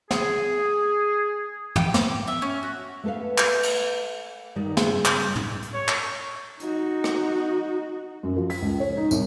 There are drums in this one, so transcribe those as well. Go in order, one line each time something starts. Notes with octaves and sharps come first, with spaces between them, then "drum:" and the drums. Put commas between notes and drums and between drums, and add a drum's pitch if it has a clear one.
G#4, drum: snare
G5, drum: tom
D6, drum: snare
E5
C#4
F#4
A3 B3 A4 B4 F5
drum: clap
drum: cymbal
G2 D#3 G3 D#4 D5
G2 C#3 F4 G#4, drum: snare
drum: clap
drum: tom
drum: hi-hat
C#5
drum: clap
D#4 F#4, drum: hi-hat
drum: rim click
F#2
F3
B6, drum: open hi-hat
C#2
C#5
D#4
C2, drum: tambourine